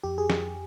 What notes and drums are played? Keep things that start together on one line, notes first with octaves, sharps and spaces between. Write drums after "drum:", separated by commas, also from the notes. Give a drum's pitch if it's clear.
F2 G4
G#4
drum: snare